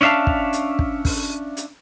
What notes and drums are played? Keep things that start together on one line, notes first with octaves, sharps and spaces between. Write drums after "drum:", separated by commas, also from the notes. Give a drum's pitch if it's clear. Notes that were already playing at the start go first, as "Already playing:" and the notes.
C#4 D4 E5 F5 A5
drum: kick
drum: hi-hat
drum: kick
drum: kick, open hi-hat
drum: hi-hat